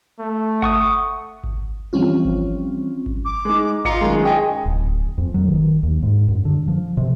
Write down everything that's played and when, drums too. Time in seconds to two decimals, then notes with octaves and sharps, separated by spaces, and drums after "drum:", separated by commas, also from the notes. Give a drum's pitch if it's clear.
0.19 A3
0.62 F#5 C#6 D#6, drum: kick G#1
1.44 drum: kick G#1
1.93 E3 F3 G3 C4 C#4 F4
2.25 drum: kick G#1
3.06 drum: kick G#1
3.25 D6
3.45 G#3 D#4
3.85 F4 D#5 A#5 C#7, drum: kick G#1
4.01 F#2 D#3 G#3
4.23 G#4 D#5 G5 G#5
4.66 D1
5.18 F2
5.34 F#3
5.48 D#3, drum: kick G#1
5.83 D#2
6.03 G#2
6.28 F#2
6.45 D3
6.68 F3
6.97 C3